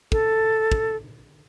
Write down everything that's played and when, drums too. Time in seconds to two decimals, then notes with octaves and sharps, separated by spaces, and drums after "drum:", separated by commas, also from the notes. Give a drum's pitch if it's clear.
0.12 A4, drum: kick
0.72 drum: kick